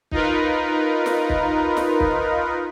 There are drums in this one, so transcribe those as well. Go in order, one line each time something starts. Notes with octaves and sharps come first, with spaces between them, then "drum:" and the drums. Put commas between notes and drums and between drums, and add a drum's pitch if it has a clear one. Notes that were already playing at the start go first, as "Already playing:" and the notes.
D#4 F4 A#4 B4, drum: kick
drum: snare
drum: kick
drum: snare
drum: kick